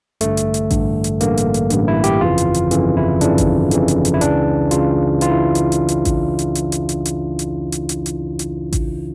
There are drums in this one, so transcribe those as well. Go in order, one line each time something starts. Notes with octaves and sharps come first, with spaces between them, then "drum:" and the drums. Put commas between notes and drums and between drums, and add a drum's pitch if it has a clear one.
A1 G2 D3 A3, drum: hi-hat
drum: hi-hat
drum: hi-hat
A1 G2 D3, drum: kick A1, hi-hat
drum: hi-hat
A1 G2 D3 A#3, drum: hi-hat
drum: hi-hat
drum: hi-hat
A1 G2 D3, drum: hi-hat
E4
G4, drum: hi-hat
G1 F2 C#3 E3 F4
drum: hi-hat
drum: hi-hat
G1 F2 C#3 E3, drum: hi-hat
E4
G1 F2 C#3 E3 D4, drum: hi-hat
drum: kick A1, hi-hat
G1 F2 C#3 E3, drum: hi-hat
drum: hi-hat
drum: hi-hat
E4
C#2 C#3 E3 D4, drum: hi-hat
C#2 C#3 E3 F4, drum: hi-hat
C#3 E3 F4, drum: hi-hat
E4
drum: hi-hat
drum: hi-hat
drum: hi-hat
drum: kick A1, hi-hat
drum: hi-hat
drum: hi-hat
drum: hi-hat
drum: hi-hat
drum: hi-hat
drum: hi-hat
drum: hi-hat
drum: hi-hat
drum: hi-hat
drum: hi-hat
drum: kick A1, hi-hat